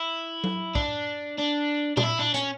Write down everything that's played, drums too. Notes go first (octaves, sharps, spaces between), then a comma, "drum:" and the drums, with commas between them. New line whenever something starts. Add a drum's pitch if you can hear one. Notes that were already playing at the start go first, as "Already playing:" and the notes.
Already playing: E4
drum: tom F#3
D4, drum: kick
D4
D4, drum: tom A#2
E4
D4
C#4, drum: hi-hat